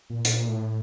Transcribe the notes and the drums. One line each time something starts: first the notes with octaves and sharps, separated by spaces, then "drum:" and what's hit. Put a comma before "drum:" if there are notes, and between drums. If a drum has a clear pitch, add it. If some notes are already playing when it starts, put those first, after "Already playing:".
A#2
A#2, drum: hi-hat
A2